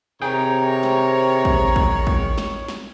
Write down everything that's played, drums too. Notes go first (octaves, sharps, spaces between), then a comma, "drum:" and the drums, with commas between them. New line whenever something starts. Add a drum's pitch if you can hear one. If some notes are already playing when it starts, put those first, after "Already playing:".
C3 D#3 G#4 C#5 G5 A#5
drum: snare
drum: kick
drum: kick
drum: kick
drum: snare
drum: snare